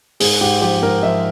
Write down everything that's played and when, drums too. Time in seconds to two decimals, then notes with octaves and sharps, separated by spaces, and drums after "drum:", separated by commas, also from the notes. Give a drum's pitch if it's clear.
0.20 G#2 G#4, drum: open hi-hat
0.41 G#2 G4
0.61 F3 G4
0.83 G#2 A#4
1.03 F3 E5